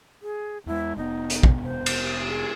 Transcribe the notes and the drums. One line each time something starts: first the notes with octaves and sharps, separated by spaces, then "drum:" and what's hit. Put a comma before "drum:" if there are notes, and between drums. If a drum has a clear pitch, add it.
G#4
E2 G#3 E4
F1 B3 D#4
drum: hi-hat
drum: kick
C5
drum: cymbal
G#4